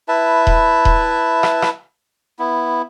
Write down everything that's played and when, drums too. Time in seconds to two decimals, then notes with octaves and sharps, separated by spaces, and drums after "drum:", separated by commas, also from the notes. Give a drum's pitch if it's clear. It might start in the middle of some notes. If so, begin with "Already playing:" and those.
0.08 E4 B4 E5 A5
0.47 drum: kick D#1
0.85 drum: kick D#1
1.43 drum: rim click
1.62 drum: rim click
2.39 B3 E4